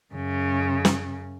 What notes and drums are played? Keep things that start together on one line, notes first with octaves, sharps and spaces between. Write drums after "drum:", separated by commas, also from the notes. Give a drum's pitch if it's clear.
F#2 C#3
drum: snare